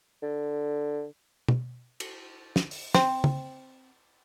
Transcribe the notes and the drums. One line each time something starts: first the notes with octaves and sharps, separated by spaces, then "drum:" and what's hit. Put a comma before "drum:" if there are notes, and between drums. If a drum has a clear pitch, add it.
D3
drum: tom
drum: cymbal
drum: snare
drum: open hi-hat
C4, drum: snare
drum: tom C#3